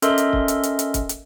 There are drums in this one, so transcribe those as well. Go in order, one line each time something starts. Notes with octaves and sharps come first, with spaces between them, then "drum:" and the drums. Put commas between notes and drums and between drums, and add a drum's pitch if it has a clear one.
C#4 A4 A#4 D#5 E5 C6, drum: hi-hat
drum: hi-hat
drum: kick
drum: hi-hat
drum: hi-hat
drum: hi-hat
drum: kick, hi-hat
drum: hi-hat